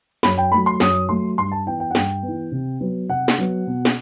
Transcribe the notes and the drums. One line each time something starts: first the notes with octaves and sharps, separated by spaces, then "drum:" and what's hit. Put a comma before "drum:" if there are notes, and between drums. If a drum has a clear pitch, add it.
F#2 B5, drum: snare
G5
F#3 A3 B5
C6
F#2 D#6, drum: snare
F#3 A3 C6
G2 C6
A5
E3 B3 G5
G5
F#5
G2 G5, drum: snare
B3
E3
C3
F#3 B3
C3 F#5
drum: snare
F#3 B3
B2
drum: snare